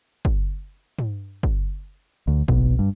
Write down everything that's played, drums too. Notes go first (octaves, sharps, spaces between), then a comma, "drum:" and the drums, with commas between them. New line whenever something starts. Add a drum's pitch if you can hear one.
drum: kick
drum: tom
drum: kick
D2
B1 B2, drum: kick
G2